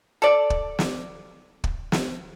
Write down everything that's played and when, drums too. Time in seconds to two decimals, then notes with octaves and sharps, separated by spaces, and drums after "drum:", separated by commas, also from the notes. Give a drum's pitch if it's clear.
0.22 A4 D5
0.50 drum: kick
0.79 drum: snare
1.64 drum: kick
1.92 drum: snare